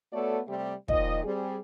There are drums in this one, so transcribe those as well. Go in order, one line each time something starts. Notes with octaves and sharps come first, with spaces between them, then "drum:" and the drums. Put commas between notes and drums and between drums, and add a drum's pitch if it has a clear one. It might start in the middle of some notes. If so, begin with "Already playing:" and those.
A3 B3 F#4 A4 C#5 D5
C3 G3 A3 C4 G4
A#2 D#3 F3 D#5, drum: kick
G3 C4 G#4